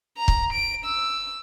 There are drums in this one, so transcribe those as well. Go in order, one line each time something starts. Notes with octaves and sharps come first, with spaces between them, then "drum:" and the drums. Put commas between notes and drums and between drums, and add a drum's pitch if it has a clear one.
A#5
drum: kick
D7
E6